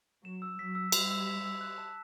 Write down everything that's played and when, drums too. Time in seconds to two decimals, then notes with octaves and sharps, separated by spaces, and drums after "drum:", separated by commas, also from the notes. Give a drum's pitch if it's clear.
0.25 F#3 E7
0.42 E6
0.58 F#3 B6
0.75 E6
0.92 G3 E7, drum: cymbal
1.10 E6
1.27 B6
1.44 E6
1.61 F#6
1.78 A5